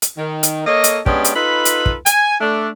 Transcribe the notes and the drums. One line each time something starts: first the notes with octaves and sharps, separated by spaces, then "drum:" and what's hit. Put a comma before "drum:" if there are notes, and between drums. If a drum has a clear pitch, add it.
drum: hi-hat
D#3
drum: hi-hat
A#3 A4 C#5 D#5
drum: hi-hat
G#3 B3 C#4 D4 G4, drum: kick
drum: hi-hat
D#4 F4 A4 B4 B5
drum: hi-hat
drum: kick
G#5, drum: hi-hat
A3 D4